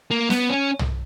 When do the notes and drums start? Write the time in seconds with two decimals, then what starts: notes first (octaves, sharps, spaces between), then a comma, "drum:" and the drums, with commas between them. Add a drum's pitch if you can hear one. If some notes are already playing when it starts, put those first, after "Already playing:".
0.11 A#3
0.30 B3, drum: snare
0.49 C#4
0.79 drum: tom